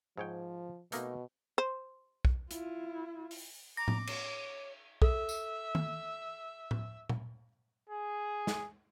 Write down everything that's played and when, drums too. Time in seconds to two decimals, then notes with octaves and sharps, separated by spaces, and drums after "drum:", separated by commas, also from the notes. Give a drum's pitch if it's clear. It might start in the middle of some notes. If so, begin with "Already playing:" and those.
0.18 G#2 F3 C#5 G5
0.92 B2 A3 A#3 D#4, drum: hi-hat
1.58 C5
2.25 drum: kick B1
2.51 E4 F4, drum: hi-hat
3.31 drum: open hi-hat
3.77 A#5 D6 A#6
3.88 drum: tom A2
4.07 C#5, drum: cymbal
5.02 A4 E5, drum: kick B1
5.29 drum: tambourine
5.75 drum: tom D#3
6.71 drum: tom A2
7.09 drum: tom
7.89 G#4
8.47 drum: snare